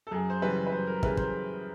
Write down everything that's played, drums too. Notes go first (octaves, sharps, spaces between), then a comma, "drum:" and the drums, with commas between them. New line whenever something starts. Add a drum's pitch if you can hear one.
A4
F#2 G#4
C5
C#3 E3 G3 B4
B4
F#2 C5
A#4
C#3 E3 G3 B4, drum: kick
C5, drum: kick